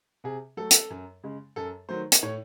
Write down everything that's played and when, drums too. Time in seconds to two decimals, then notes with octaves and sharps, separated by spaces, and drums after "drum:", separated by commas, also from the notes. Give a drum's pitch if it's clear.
0.24 C3 G#4
0.57 F#3 A3 A4
0.71 drum: hi-hat
0.90 F#2
1.23 C#3 G#3
1.56 F#2 A4
1.89 D#3 F#3 A3 C5
2.12 drum: hi-hat
2.23 A2 C#5